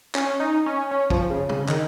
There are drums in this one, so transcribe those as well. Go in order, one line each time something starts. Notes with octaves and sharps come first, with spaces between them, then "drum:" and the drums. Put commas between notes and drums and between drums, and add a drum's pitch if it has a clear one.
C#4, drum: clap
D#4
C#4
C#4
F3, drum: kick
C#3
C#3, drum: tom
D#3, drum: clap